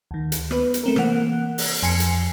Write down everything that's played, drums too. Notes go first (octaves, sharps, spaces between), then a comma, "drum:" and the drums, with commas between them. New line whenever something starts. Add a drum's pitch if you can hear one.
D2 D#3
drum: hi-hat
B3 B4, drum: rim click
drum: hi-hat
A3 C4 A#4
C3 E3 A#3 F#5 F#6, drum: rim click
drum: open hi-hat
F2 G#5 C7 C#7
drum: hi-hat